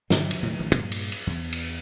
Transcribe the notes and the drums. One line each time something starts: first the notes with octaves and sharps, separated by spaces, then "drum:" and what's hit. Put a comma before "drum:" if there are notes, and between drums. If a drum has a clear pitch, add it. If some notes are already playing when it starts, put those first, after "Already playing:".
G2 D3 F#3 G#3, drum: snare
drum: cymbal
A2 D#3
A1 D#3
G2 A#2
drum: cymbal
drum: cymbal
E2
drum: cymbal